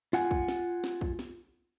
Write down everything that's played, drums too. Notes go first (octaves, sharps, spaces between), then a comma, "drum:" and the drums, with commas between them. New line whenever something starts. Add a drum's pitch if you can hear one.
F4 F#5 G#5, drum: snare
drum: kick
drum: snare
drum: snare
drum: kick
drum: snare